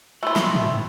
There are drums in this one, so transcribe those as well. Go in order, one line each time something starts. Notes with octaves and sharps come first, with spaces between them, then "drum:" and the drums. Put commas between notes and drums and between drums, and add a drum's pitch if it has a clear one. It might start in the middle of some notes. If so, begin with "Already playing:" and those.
A3 E4 F#4 B5 C6
drum: snare
D#3, drum: tom